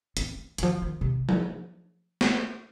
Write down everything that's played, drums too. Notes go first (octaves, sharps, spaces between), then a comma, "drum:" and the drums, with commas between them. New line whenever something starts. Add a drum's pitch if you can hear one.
C4, drum: hi-hat
D#3, drum: hi-hat
F3
D#3
C3
A#3, drum: tom F3
drum: snare